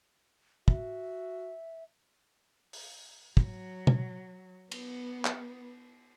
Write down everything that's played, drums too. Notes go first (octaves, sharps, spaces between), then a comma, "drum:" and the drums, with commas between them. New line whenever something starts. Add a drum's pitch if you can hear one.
F#4 E5, drum: kick
drum: open hi-hat
F#3, drum: kick
drum: tom B2
B3, drum: cymbal
drum: clap